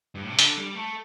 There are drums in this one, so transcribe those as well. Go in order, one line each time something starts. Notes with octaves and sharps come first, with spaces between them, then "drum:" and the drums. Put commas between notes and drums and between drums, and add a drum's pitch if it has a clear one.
G2
A2
C3
D3, drum: hi-hat
G3
A3